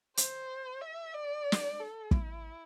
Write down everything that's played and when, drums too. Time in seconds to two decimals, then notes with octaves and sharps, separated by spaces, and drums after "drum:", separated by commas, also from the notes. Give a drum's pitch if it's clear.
0.17 C5, drum: hi-hat
0.82 E5
1.14 D5
1.52 drum: snare
1.80 A4
2.11 E4, drum: kick